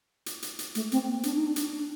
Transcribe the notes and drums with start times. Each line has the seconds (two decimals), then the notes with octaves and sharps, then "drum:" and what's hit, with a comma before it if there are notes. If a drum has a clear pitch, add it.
0.26 drum: hi-hat
0.42 drum: hi-hat
0.59 drum: hi-hat
0.75 A3, drum: hi-hat
0.92 C4, drum: hi-hat
1.07 A#3
1.23 D4, drum: hi-hat
1.35 D#4
1.46 D4
1.56 drum: hi-hat
1.72 D4